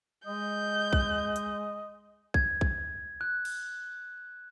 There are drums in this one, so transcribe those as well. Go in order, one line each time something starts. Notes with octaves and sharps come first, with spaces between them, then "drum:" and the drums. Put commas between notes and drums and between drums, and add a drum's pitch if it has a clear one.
G#3 D#5 G6
drum: kick B1
drum: hi-hat
G#6, drum: kick B1
drum: kick B1
F#6
drum: cymbal